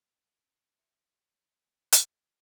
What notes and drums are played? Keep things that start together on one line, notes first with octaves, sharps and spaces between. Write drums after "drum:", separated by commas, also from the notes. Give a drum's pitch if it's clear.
C5 C#5 E5 A#5
drum: hi-hat